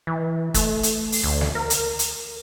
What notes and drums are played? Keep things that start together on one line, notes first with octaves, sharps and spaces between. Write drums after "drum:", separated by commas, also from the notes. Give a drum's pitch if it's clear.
E3
A3, drum: kick, hi-hat
drum: hi-hat
drum: open hi-hat
D2
drum: snare
A#4
drum: hi-hat
drum: hi-hat